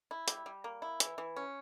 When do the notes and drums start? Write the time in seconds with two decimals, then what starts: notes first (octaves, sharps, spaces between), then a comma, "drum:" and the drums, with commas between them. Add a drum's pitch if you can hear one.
0.11 E4
0.28 G3, drum: hi-hat
0.46 G3
0.64 A#3
0.82 E4
1.00 E3, drum: hi-hat
1.18 E3
1.36 C#4